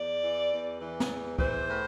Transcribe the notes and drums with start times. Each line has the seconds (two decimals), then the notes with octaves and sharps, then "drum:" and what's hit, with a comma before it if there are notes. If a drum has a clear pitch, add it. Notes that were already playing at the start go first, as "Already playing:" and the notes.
Already playing: E2 D5
0.23 E3
0.52 E2
0.81 E3
1.00 drum: snare
1.10 E2
1.39 E3 C5, drum: kick C#2
1.68 A2